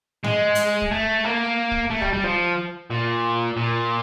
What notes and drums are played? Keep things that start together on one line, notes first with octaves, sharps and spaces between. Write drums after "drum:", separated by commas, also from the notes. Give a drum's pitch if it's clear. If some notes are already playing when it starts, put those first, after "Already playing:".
G#3, drum: tom G#2
drum: hi-hat
drum: kick
A3
A#3
drum: kick
A3
G3, drum: kick
G3
F3
A#2
A#2